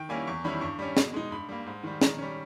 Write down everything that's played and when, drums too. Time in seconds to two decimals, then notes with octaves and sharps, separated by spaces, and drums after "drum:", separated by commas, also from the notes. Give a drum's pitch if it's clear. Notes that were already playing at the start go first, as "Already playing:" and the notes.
Already playing: D#3 G5
0.09 G3 A#3 C#4 E4 G#5
0.27 E2 C#6
0.44 D#3 G3 C#4 E4 B5
0.61 G2 C#6
0.79 G3 C#4
0.97 B2, drum: snare
1.14 G#3 D#4
1.31 G2 B5
1.49 G3 A#3
1.66 G#2
1.83 D#3 G3
2.01 D#3 A#5, drum: snare
2.18 G3 C#4